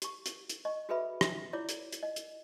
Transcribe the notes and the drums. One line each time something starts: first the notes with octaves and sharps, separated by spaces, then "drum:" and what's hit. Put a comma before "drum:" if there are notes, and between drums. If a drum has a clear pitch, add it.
G4 C#6, drum: hi-hat
drum: hi-hat
drum: hi-hat
D#5 C#6
F#4 G#4 A4 B4 E5 B5
drum: rim click
E4 F4 C#5 D5 D6
drum: hi-hat
drum: hi-hat
D#5
drum: hi-hat